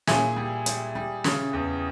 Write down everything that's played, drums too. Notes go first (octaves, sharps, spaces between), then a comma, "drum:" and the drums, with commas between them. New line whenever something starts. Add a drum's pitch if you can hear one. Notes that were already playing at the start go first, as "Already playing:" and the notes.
A#2 E4 G#4, drum: snare
G3
G3, drum: hi-hat
G3
C#3, drum: snare
E2